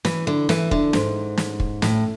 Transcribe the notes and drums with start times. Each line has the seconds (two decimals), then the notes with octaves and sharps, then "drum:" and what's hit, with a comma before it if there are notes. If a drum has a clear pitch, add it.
0.05 E3, drum: snare
0.27 D3
0.49 E3, drum: snare
0.71 D3, drum: kick
0.93 G#2, drum: snare
1.38 drum: snare
1.60 drum: kick
1.82 A2, drum: snare